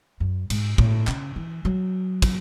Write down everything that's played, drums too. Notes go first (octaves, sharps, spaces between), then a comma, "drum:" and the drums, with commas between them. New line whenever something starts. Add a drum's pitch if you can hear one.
F#2
G#2, drum: cymbal
A2, drum: kick
C#3, drum: clap
E3
F#3
drum: kick, cymbal